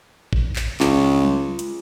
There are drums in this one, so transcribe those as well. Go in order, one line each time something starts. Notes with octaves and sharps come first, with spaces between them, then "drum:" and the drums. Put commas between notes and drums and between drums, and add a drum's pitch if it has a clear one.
drum: kick
drum: clap
C#2, drum: clap
drum: tom F#3
drum: hi-hat